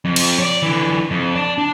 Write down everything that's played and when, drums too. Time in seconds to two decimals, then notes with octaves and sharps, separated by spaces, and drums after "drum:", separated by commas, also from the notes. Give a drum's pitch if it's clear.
0.05 F2
0.16 drum: cymbal
0.38 C#5 D5
0.62 D3 E3
1.11 F2
1.35 D5 A5
1.58 D4